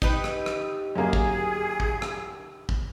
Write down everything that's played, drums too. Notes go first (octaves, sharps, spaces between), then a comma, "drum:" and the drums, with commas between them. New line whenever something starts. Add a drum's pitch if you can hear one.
D#4 G4 B4, drum: kick
drum: rim click
drum: rim click
F#2 A#3 G#4
drum: kick
drum: kick
drum: rim click
drum: kick